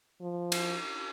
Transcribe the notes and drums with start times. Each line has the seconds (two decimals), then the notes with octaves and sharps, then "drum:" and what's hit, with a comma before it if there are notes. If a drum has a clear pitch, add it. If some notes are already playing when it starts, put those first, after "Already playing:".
0.21 F3
0.52 drum: cymbal